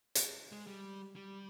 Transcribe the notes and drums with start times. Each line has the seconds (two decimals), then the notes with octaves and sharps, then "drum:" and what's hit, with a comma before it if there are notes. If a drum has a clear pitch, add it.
0.15 drum: hi-hat
0.52 G#3
0.67 G3
1.16 G3